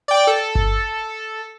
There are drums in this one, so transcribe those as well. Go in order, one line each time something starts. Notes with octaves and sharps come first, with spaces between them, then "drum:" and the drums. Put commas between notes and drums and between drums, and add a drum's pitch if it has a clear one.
D5 G5
A4
drum: kick G1